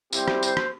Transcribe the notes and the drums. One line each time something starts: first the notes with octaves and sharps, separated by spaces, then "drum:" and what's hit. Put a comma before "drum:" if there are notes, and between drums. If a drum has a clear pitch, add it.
G3 C4 E4 G4 C5, drum: tambourine
drum: rim click
C5, drum: tambourine
drum: rim click